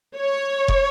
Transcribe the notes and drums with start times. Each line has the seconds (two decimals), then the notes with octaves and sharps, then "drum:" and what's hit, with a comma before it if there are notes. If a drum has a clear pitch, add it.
0.16 C#5
0.68 drum: kick